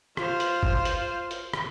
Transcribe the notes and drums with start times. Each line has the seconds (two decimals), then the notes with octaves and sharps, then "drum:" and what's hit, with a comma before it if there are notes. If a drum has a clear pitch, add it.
0.17 F4 C5, drum: rim click
0.40 drum: hi-hat
0.63 drum: kick G1
0.85 drum: hi-hat
1.31 drum: hi-hat
1.53 drum: rim click